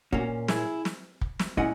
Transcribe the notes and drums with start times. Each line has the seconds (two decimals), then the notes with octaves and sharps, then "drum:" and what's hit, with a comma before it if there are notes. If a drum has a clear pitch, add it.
0.13 A#2 A#3 C#4 F#4, drum: kick
0.48 E4 G#4, drum: snare
0.85 drum: snare
1.21 drum: kick
1.39 drum: snare
1.57 A#2 G#3 C#4 E4 D#5 F#5, drum: kick